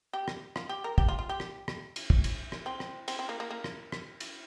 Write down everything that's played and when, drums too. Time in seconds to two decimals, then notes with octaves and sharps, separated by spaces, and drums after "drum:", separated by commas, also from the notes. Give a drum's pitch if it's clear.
0.13 G4
0.28 drum: rim click
0.56 F4, drum: rim click
0.69 G4
0.84 A#4
0.98 G4, drum: kick
1.08 F4
1.19 F4
1.29 G4
1.40 drum: rim click
1.68 drum: rim click
1.96 drum: cymbal
2.10 drum: kick
2.24 drum: cymbal
2.52 drum: rim click
2.66 C4
2.80 drum: rim click
3.08 C4, drum: cymbal
3.19 C4
3.29 A#3
3.40 A#3
3.51 A#3
3.64 drum: rim click
3.92 drum: rim click
4.20 drum: cymbal